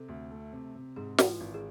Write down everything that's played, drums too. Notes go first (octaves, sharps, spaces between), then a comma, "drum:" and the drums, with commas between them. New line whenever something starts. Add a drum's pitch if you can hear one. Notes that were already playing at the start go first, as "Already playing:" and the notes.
Already playing: C3 A4
D2
A3
C3
C3
G#2 G#4
E3, drum: snare
F4
G#1
G#4